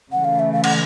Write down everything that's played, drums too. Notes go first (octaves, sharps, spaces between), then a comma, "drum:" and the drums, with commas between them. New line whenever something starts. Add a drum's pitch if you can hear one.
C#3 E3 A3 F#5
F5
E5
F5
F#5, drum: cymbal